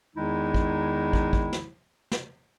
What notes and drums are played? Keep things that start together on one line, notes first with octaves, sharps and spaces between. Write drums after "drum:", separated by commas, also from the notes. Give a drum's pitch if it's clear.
E2 D#3 G#3 D#4 E4
drum: kick
drum: kick
drum: kick
drum: snare
drum: snare